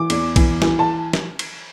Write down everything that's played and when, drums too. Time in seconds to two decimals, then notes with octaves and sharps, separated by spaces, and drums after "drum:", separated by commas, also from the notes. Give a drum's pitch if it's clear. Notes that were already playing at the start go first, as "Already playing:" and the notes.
Already playing: E3 D6
0.10 E2, drum: cymbal
0.36 E3, drum: kick A#1, cymbal
0.62 E3, drum: snare
0.79 A5
1.13 drum: snare
1.39 drum: cymbal